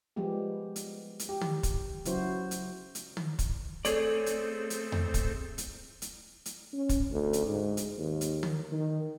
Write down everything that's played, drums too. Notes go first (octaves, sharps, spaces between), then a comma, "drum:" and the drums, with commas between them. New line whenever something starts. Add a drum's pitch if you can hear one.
F3 G3 G#3 B3 G4
drum: hi-hat
drum: hi-hat
G4
drum: tom
drum: kick, hi-hat
C#3 F#3 E4 F#4 C5, drum: hi-hat
drum: hi-hat
drum: hi-hat
drum: tom
drum: kick, hi-hat
A3 C4 G#4 A4 C#5 D5, drum: hi-hat
drum: hi-hat
drum: hi-hat
drum: tom E2
drum: kick, hi-hat
drum: hi-hat
drum: hi-hat
drum: hi-hat
C#4
drum: kick, hi-hat
D2
drum: hi-hat
G#2
drum: hi-hat
D#2
drum: hi-hat
drum: tom
D#3